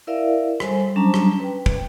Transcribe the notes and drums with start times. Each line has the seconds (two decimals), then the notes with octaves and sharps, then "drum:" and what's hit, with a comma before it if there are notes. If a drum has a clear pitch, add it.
0.07 E4 A#4 D5 E5 F5
0.60 G3 A4 C5 G#5, drum: rim click
0.96 F#3 G3 C#4 D4 A5 A#5
1.14 drum: rim click
1.40 B4 G5
1.66 drum: kick